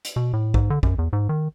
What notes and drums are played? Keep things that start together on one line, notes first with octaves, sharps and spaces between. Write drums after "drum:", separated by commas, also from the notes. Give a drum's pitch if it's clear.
drum: hi-hat
B2
A2
G#2, drum: kick A#1
D3
F#2, drum: kick A#1
E2
G#2
D#3